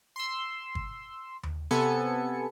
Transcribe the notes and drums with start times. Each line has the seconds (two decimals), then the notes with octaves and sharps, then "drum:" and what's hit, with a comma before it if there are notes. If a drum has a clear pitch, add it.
0.16 C6 E6
0.75 drum: kick G1
1.43 drum: tom D#2
1.71 C3 B3 A4 G#5 C#7